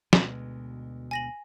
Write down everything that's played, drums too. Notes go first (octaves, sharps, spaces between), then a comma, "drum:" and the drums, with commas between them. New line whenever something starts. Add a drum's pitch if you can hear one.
D2 B2 G#3, drum: snare
G#5 A#6 F#7